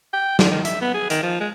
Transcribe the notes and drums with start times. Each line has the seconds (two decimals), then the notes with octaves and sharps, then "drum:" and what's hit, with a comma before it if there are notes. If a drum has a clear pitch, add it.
0.14 G5
0.39 D3, drum: snare
0.51 D#3
0.65 E5, drum: hi-hat
0.82 B3
0.94 G#4
1.10 D#3, drum: hi-hat
1.23 F3
1.40 G#3